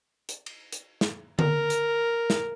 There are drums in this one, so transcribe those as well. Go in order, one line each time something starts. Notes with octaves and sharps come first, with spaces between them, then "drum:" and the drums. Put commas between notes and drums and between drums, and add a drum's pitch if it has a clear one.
drum: hi-hat
drum: cymbal
drum: hi-hat
drum: snare
A#4, drum: tom D3
drum: hi-hat
drum: snare